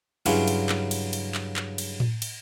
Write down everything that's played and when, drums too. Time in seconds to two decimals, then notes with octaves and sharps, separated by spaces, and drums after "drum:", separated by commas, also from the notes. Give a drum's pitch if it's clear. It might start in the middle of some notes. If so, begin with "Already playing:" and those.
0.26 G2 C#3 F#3 C#4 E4 F4, drum: cymbal
0.48 drum: cymbal
0.69 drum: clap
0.91 drum: cymbal
1.13 drum: cymbal
1.35 drum: clap
1.56 drum: clap
1.78 drum: cymbal
2.00 drum: tom A2
2.22 drum: cymbal